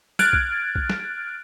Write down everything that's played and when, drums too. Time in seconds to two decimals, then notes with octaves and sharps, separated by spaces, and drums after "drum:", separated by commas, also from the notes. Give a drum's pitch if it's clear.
0.19 F6 F#6 G#6 A6 D7, drum: snare
0.33 drum: kick B1
0.75 drum: kick B1
0.90 drum: snare